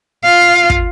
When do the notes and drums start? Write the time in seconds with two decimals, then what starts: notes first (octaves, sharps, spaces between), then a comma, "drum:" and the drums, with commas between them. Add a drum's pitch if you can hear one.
0.24 F4 F5
0.70 drum: kick